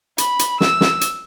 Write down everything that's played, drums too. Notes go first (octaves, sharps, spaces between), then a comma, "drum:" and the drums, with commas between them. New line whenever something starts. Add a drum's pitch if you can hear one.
B5, drum: hi-hat
drum: hi-hat
E6, drum: snare
drum: snare
drum: hi-hat